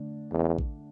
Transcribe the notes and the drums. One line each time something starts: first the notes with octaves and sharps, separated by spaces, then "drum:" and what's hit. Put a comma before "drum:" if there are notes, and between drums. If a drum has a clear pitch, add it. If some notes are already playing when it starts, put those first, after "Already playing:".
Already playing: D3 A3 D4
E2
drum: kick A1